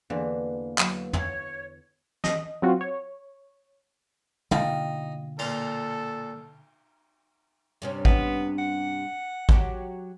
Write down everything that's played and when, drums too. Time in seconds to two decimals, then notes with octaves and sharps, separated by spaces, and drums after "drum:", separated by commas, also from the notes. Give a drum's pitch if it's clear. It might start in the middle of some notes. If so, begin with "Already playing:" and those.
0.10 E2 D3 E3 A#3 B4 C5 F5
0.78 F#3, drum: clap
1.13 C#5 F5, drum: tom
2.24 D#5, drum: snare
2.62 F#3 C4 F4 F#4
2.81 C#5
4.51 B2 D3 A#3 D#4 F4 F5 G5, drum: tom
5.39 A#2 A4, drum: cymbal
7.82 G2 C3 C#4
8.05 B3, drum: kick A1
8.58 F#5
9.49 F#3 F#4 G4, drum: kick A1